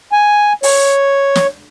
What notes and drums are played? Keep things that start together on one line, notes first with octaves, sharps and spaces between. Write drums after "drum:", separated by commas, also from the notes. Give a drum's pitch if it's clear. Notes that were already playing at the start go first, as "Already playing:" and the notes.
G#5
C#5, drum: open hi-hat
drum: snare